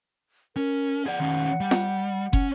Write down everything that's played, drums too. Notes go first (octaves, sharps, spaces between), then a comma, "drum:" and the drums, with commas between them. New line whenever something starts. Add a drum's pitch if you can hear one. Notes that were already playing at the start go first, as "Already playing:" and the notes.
C#4 A#4
G#4 D5 F#5
D#3 C#4
G3
drum: snare
C#4, drum: kick